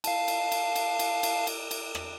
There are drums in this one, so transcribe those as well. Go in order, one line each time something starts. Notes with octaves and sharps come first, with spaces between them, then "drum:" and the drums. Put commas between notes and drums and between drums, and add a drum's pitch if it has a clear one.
F5 A5, drum: cymbal
drum: cymbal
drum: cymbal
drum: cymbal
drum: cymbal
drum: cymbal
drum: cymbal
drum: cymbal
drum: rim click